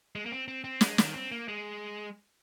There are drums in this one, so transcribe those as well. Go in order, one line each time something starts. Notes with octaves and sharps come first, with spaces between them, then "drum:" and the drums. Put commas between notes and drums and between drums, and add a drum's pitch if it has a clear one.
G#3
A#3
C4
C4
C4
G#3, drum: snare
D#3, drum: snare
C4
A#3
G#3